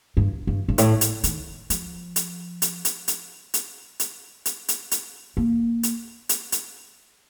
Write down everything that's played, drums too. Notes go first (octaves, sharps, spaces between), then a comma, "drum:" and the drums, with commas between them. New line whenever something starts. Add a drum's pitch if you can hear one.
G2
G2
G2
A2, drum: hi-hat
drum: hi-hat
D#3, drum: hi-hat
F3, drum: hi-hat
drum: hi-hat
drum: hi-hat
drum: hi-hat
drum: hi-hat
drum: hi-hat
drum: hi-hat
drum: hi-hat
drum: hi-hat
drum: hi-hat
A#3
drum: hi-hat
drum: hi-hat
drum: hi-hat